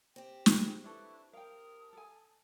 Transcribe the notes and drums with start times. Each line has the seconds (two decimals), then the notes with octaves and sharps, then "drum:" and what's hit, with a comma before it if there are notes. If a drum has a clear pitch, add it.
0.16 C4 G4 G5
0.46 G#4, drum: snare
0.84 D4 E4 A4 B4 C#6 F#6
1.33 A#4 F5 G5 A5 D#6
1.93 A4 G#5